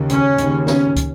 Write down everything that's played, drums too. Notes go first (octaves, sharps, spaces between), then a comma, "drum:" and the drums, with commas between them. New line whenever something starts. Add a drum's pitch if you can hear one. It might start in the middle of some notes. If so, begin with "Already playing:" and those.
Already playing: D#2 C#3
C#4, drum: hi-hat
D#2 C#3, drum: hi-hat
C#4, drum: snare
drum: kick, hi-hat